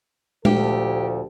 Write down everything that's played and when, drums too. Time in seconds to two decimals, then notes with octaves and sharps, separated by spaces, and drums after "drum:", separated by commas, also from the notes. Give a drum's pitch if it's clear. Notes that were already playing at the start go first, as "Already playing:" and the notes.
0.45 D2 A#2 F3 A3 G4 A4, drum: tom G#3